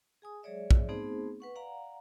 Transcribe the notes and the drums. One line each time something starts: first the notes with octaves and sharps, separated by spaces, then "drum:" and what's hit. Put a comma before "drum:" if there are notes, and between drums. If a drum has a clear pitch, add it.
G#4 G#5 D#6
F#3 G#3 G#4 C#5 D5 E5
drum: kick
A3 B3 C4 D#4 G#4 C5
B4 F#5 C#6
D5 F5 F#5 A#5